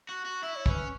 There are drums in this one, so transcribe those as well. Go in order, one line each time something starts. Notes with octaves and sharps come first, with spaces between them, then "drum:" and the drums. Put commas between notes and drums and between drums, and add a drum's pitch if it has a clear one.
F#4
F#4
E4 E5
C#5
C#4 B4, drum: kick